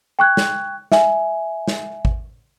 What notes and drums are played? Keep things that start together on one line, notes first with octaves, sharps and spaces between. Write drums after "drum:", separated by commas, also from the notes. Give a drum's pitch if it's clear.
G5 C#6 F#6 G#6
drum: snare
E5 G#5, drum: snare
drum: snare
drum: kick